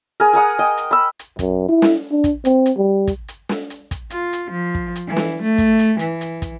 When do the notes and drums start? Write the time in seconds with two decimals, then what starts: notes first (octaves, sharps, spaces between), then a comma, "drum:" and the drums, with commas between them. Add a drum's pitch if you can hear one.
0.20 G#4 A#4
0.33 G#4 A#4 F#5 D#6
0.59 D#5 G5
0.78 drum: hi-hat
0.91 B5 E6
1.19 drum: hi-hat
1.39 F#2, drum: kick, hi-hat
1.69 E4
1.82 drum: snare
2.11 D4
2.24 drum: kick, hi-hat
2.45 C4, drum: hi-hat
2.66 drum: hi-hat
2.77 G3
3.08 drum: kick, hi-hat
3.28 drum: hi-hat
3.49 drum: snare
3.70 drum: hi-hat
3.91 drum: kick, hi-hat
4.10 F4, drum: hi-hat
4.33 drum: hi-hat
4.50 F3
4.75 drum: kick
4.96 drum: hi-hat
5.07 E3
5.17 drum: snare
5.42 A3
5.58 drum: kick, hi-hat
5.79 drum: hi-hat
5.99 E3, drum: hi-hat
6.21 drum: hi-hat
6.42 drum: kick, hi-hat